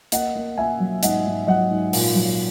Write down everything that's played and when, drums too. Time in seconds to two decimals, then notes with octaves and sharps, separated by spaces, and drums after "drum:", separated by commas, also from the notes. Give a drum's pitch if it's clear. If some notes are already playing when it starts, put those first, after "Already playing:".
0.12 A#3 D#5 F#5, drum: hi-hat
0.35 A#3
0.57 A#3 E5 G#5
0.80 F#3
1.03 G#2 D#5 F#5, drum: hi-hat
1.25 G#2
1.47 F#3 D#5 F#5
1.70 G#2
1.93 A#2, drum: open hi-hat
2.15 F#3